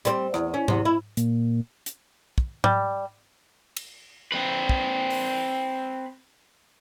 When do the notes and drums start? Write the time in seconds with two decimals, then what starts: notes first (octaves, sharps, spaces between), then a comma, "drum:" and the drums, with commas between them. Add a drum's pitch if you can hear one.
0.05 G3 C4, drum: hi-hat
0.34 E2, drum: rim click
0.54 C#4
0.68 E2 C3, drum: tom G#2
0.85 E4
1.17 A#2, drum: hi-hat
1.86 drum: hi-hat
2.38 drum: kick
2.64 G3, drum: tom G#2
3.77 drum: cymbal
4.32 C4 B4
4.69 drum: kick
5.10 drum: open hi-hat